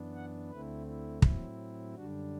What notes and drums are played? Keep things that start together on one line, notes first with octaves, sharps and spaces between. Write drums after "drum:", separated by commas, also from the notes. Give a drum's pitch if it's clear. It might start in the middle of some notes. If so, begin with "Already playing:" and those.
Already playing: F#2 E3 B3 D4
F#5
D2 D3 A3 C4 E4 B4
E4
A2 F#3 C4 E4, drum: kick
F#2 D3 G3 D4 F#4